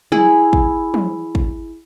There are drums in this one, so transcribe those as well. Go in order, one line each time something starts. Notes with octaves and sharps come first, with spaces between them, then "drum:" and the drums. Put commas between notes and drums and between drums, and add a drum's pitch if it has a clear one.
E4 G#4 B5, drum: tom
drum: kick
drum: tom
drum: kick